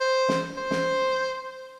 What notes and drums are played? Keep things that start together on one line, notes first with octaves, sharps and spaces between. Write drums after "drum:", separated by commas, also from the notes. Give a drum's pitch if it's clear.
C5
drum: snare
C5
drum: snare